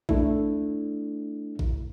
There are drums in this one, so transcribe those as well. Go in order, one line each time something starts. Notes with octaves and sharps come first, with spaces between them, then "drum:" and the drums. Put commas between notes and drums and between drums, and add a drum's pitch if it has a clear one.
A3 D4 E4, drum: kick A1
drum: kick A1